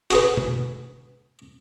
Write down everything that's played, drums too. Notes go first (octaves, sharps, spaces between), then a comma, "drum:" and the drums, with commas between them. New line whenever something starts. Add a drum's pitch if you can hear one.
F#4 G#4 B4, drum: hi-hat
drum: tom B2